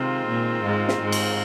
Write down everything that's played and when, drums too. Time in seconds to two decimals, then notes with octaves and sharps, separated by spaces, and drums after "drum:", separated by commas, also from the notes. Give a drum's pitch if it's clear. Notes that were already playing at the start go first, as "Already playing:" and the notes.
Already playing: C3 D#3 G#3 C4 F4
0.28 A#2
0.64 G#2
0.88 drum: snare
1.01 G#2
1.12 drum: cymbal